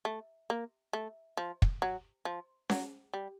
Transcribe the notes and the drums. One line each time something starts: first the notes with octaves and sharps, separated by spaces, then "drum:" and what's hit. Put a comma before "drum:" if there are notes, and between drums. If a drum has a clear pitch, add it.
A3
A#3
A3
F3
drum: kick
F#3
F3
F#3, drum: snare C#4
G3